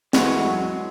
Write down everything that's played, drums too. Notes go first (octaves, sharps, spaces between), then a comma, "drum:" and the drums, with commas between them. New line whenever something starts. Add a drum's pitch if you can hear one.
A2 E3 G#3 B3 F#4, drum: snare
F#3